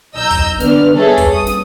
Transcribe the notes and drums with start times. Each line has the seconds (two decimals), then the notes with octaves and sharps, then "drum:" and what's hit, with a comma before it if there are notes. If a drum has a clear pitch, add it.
0.16 B1 D#5 A#5 E6 G6
0.31 drum: kick, open hi-hat
0.60 D3 B3 D5 F6, drum: snare
0.94 G3 B3 G#4 A4 C#5 E5
1.18 drum: kick, open hi-hat
1.31 D#6
1.47 drum: snare